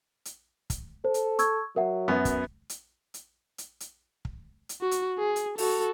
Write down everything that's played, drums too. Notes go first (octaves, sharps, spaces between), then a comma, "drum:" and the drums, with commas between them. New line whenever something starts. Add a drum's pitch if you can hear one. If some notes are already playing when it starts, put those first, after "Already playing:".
drum: hi-hat
drum: kick, hi-hat
A4 C5
drum: hi-hat
C#6 E6 G#6, drum: hi-hat
F#3 A#4 E5 F#5
F#2 B3
drum: kick, hi-hat
drum: hi-hat
drum: hi-hat
drum: hi-hat
drum: hi-hat
drum: kick
drum: hi-hat
F#4
drum: hi-hat
G#4
drum: hi-hat
F#4 A4, drum: open hi-hat